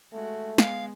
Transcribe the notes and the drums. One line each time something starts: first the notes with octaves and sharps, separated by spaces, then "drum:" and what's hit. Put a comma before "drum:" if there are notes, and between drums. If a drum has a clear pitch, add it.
G#3 A3 F#4
G#3 B3 F5, drum: snare